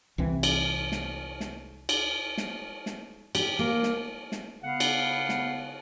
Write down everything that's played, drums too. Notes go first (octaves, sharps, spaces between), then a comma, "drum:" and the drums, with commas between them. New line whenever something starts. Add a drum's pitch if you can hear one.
C2 E3 C4
drum: cymbal
drum: snare
drum: snare
drum: cymbal
drum: snare
drum: snare
G4, drum: cymbal
A#3
drum: snare
drum: snare
C#3 B3 F5 F#5
drum: cymbal
drum: snare